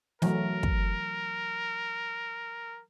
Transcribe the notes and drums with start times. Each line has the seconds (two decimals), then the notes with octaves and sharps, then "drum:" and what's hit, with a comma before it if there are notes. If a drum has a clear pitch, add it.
0.22 E3 F#3 A3 A#4, drum: snare
0.63 drum: kick